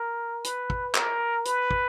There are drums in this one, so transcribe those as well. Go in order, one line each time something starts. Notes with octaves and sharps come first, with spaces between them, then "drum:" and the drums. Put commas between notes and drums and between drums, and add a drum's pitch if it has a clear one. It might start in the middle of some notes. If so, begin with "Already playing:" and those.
Already playing: A#4
B4, drum: hi-hat
drum: kick
A#4, drum: clap
B4, drum: hi-hat
drum: kick